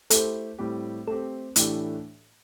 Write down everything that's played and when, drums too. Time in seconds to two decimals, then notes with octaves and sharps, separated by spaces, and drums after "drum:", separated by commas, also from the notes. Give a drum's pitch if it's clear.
0.10 A3 E4 G4 A4 C5, drum: hi-hat
0.59 A2 G3 C4 G4
1.07 A3 C4 G4 A4
1.56 A2 E3 A3 D4 G4, drum: hi-hat